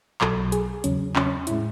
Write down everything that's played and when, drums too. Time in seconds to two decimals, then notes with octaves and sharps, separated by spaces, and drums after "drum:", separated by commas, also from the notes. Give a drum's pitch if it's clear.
0.21 B1 B2 F#3 A4, drum: clap
0.52 G#4, drum: hi-hat
0.84 E2 C#3 F#3 C#4, drum: hi-hat
1.16 C#4, drum: clap
1.26 C#4
1.37 C#4
1.47 A2 G#3 E4, drum: hi-hat